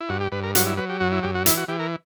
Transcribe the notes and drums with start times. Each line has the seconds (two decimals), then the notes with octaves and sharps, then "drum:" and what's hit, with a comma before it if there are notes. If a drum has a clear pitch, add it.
0.01 E4
0.09 G2 F#4
0.21 G4
0.32 G2 B4
0.43 A#4
0.55 F#3 F#4, drum: hi-hat
0.66 E4
0.77 F#3 B4
0.89 G4
1.00 F#2 F#4
1.12 E4
1.23 F#2 G4
1.35 F#4
1.46 E3 E4, drum: hi-hat
1.57 F#4
1.68 E3 G4
1.79 A#4